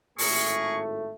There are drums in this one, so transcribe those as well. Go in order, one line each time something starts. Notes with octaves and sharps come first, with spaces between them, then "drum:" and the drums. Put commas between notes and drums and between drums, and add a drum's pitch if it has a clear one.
G#1 A2 A3 G#4 A#4 C#6, drum: open hi-hat